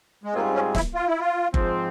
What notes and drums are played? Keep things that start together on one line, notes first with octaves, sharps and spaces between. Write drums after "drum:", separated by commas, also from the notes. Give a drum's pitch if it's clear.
G#3
G#2 G3 A#3 C4 F4 G#4
C#4
E4, drum: snare
F4
E4
F4
G#2 F3 C4, drum: kick G1